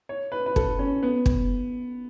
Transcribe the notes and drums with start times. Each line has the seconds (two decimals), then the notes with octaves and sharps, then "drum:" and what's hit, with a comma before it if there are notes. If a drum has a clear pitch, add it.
0.09 C#5
0.32 B4
0.46 B4
0.56 A4, drum: kick
0.79 C#4
1.03 B3
1.26 drum: kick